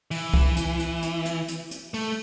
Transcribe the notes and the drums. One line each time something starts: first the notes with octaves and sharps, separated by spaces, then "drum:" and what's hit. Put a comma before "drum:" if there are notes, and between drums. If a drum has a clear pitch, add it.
E3, drum: open hi-hat
drum: kick C2
drum: hi-hat
drum: hi-hat
drum: hi-hat
drum: hi-hat
drum: hi-hat
drum: hi-hat
A3, drum: open hi-hat